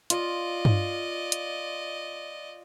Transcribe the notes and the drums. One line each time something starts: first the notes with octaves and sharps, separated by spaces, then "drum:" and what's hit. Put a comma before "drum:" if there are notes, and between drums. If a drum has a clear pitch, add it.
F4 D5 D#5 F5, drum: hi-hat
drum: tom G2
drum: hi-hat